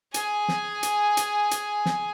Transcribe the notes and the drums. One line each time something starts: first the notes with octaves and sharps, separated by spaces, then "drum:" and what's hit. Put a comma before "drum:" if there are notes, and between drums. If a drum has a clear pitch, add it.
G#4 G#5, drum: hi-hat
drum: snare
drum: hi-hat
drum: hi-hat
drum: hi-hat
drum: snare